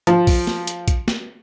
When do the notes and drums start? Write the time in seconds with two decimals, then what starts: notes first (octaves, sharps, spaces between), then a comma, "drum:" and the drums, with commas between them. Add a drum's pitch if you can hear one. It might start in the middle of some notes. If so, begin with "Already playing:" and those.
0.07 F3, drum: hi-hat
0.27 drum: kick, open hi-hat
0.47 drum: snare
0.67 drum: hi-hat
0.88 drum: kick, hi-hat
1.08 drum: snare